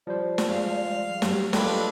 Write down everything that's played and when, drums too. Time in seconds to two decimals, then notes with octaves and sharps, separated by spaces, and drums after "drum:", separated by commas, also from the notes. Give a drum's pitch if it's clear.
0.07 F3 G3 C5 D5
0.38 drum: snare
0.50 G#3 F5
1.22 F#3 G3, drum: snare
1.53 D4 F4 G4 A4 B4 C#5 D#5 G5, drum: snare